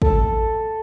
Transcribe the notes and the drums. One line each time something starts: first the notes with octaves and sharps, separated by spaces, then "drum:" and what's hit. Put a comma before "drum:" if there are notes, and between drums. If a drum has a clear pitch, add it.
A4, drum: kick